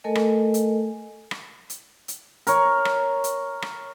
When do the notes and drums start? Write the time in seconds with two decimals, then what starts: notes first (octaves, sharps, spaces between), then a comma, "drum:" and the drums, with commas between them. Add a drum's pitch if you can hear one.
0.04 A3 A4 A#4 D#5 G#5
0.15 drum: rim click
0.54 drum: hi-hat
1.31 drum: rim click
1.70 drum: hi-hat
2.08 drum: hi-hat
2.47 A#4 C#5, drum: hi-hat
2.85 drum: rim click
3.24 drum: hi-hat
3.62 drum: rim click